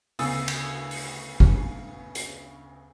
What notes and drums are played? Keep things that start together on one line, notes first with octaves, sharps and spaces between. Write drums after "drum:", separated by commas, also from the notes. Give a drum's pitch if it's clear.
D2 C#3 B3 D#6 E6 A6, drum: open hi-hat
drum: cymbal
drum: open hi-hat
drum: kick
drum: hi-hat